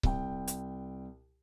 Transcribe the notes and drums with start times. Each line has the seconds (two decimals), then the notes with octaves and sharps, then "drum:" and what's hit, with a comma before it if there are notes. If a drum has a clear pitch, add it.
0.03 C2 G5, drum: kick C#1
0.48 drum: hi-hat